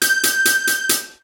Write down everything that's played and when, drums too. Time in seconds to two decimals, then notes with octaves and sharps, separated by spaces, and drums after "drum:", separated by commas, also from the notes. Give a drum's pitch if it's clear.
0.02 G6, drum: hi-hat
0.23 drum: hi-hat
0.45 drum: hi-hat
0.67 drum: hi-hat
0.89 drum: hi-hat